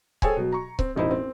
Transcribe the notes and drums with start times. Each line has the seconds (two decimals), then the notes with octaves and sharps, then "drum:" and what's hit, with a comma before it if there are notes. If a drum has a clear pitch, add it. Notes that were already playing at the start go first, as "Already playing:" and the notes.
0.22 G#4 A4 C5 C#5 G5 G#5, drum: kick C#1
0.37 B2 F#3
0.52 A#5 C#6
0.79 C4, drum: kick C#1
0.95 E1 A1 D#4 E4 C5
1.11 C4